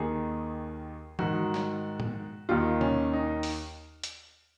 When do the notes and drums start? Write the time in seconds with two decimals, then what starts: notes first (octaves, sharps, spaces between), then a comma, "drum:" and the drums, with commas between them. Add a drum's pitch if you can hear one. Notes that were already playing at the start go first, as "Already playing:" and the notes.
Already playing: D#2 D#3 G#4
1.19 G#2 D#3 F#4, drum: tom E3
1.54 drum: snare
2.00 drum: tom A2
2.49 D#2 D#3 F4
2.81 C#4, drum: tom B2
3.13 D#4
3.43 drum: open hi-hat
4.04 drum: hi-hat